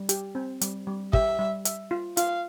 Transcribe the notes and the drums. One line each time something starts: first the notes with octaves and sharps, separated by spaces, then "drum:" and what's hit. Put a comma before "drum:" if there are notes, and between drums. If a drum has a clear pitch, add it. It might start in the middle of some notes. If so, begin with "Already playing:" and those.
Already playing: G3
G4, drum: hi-hat
C4
G3, drum: hi-hat
G3
G4 E5, drum: kick
G3
E5, drum: hi-hat
F4
F4 F5, drum: hi-hat